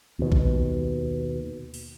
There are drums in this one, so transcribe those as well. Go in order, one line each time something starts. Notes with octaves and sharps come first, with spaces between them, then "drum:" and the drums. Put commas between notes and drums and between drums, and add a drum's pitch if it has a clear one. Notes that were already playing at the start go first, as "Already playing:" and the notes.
D#2 B2
drum: kick A#1
drum: open hi-hat